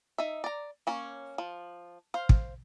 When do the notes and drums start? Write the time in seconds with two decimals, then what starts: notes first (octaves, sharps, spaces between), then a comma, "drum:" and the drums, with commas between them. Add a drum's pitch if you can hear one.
0.18 D#4 E5
0.44 D5 A#5
0.87 A#3 C#4 C#5
1.38 F3
2.14 C5 F5
2.29 drum: kick